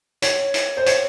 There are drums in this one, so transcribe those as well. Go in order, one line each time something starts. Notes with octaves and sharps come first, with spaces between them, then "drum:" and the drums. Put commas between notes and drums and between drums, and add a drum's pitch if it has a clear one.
C#5, drum: hi-hat
drum: hi-hat
C5
C#5, drum: hi-hat